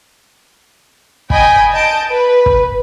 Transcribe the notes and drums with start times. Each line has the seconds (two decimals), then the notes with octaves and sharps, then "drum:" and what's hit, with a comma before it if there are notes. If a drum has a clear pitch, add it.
1.30 D#5 G5 G#5 B5, drum: kick
1.72 D#5 A5 G6 D7
2.10 B4
2.46 drum: kick